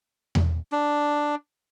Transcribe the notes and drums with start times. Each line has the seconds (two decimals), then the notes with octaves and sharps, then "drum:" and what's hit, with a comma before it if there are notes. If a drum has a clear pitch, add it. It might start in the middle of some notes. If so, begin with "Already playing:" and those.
0.35 drum: tom E2
0.72 D4